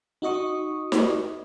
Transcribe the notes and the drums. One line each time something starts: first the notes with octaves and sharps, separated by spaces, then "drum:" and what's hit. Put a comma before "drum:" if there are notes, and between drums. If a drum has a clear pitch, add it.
D#4 F#4 D#5 C#6 D#6
drum: snare D#4